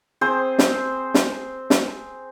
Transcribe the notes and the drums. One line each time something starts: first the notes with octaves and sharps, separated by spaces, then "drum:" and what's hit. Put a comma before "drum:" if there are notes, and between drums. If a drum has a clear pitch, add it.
C4 G#4 C5
drum: snare
drum: snare
drum: snare